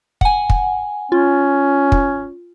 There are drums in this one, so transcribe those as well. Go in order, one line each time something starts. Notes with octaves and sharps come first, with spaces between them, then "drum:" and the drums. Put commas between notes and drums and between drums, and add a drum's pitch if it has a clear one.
F#5 G#5, drum: kick
drum: kick
C#4 F4
drum: kick